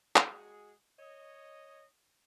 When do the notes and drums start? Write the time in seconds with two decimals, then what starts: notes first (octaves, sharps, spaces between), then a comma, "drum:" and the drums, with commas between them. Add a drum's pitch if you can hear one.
0.16 G#3 F#4 G#4, drum: clap
0.99 C#5 D#5